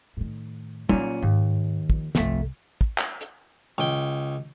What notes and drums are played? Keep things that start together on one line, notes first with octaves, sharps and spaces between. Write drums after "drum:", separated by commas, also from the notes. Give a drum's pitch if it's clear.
A2 D#3
A#2 F#3 C#4 D#4, drum: tom
D#2 G#2
D#3 F3, drum: kick
G1 C2 F2 A3, drum: snare
drum: kick
drum: clap
drum: hi-hat
C#2 G5